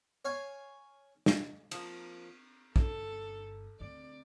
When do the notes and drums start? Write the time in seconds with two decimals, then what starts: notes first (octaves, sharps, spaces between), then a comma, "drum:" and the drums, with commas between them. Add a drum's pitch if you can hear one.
0.25 C#5 F5 G#5
1.26 drum: snare
1.71 F3 A#3, drum: cymbal
2.76 G1 A4, drum: kick
3.80 D2 C4 D5